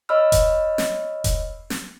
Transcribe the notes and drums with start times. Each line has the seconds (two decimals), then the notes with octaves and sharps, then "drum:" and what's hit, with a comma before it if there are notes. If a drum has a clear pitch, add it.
0.09 C#5 D#5 B5 E6 F6
0.32 drum: kick E1, hi-hat
0.78 drum: snare
1.24 drum: kick E1, hi-hat
1.70 drum: snare